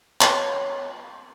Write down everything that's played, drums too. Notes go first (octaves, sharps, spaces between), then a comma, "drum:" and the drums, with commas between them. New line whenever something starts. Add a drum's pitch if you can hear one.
C#5, drum: clap